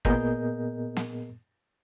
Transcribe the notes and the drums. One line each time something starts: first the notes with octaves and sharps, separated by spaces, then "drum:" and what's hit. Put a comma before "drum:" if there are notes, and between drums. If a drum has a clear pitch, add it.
A#2 B3 G#4 A#4 D#5 G6, drum: kick
drum: snare